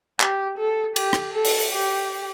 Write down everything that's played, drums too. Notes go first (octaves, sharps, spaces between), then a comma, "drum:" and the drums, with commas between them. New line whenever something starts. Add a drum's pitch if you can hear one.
G4, drum: clap
A4
G4, drum: cymbal
drum: rim click
A4
drum: open hi-hat
G4